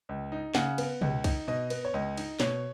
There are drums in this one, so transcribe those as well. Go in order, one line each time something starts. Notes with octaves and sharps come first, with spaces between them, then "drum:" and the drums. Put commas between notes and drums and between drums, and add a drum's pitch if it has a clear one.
C#2
D#4
C#3 F#5, drum: snare
B3, drum: cymbal
C#2, drum: tom
D#4, drum: kick C2, cymbal
B2 D#5
B3, drum: cymbal
C#5
C#2 D#5
D#4, drum: cymbal
B2 C#5, drum: snare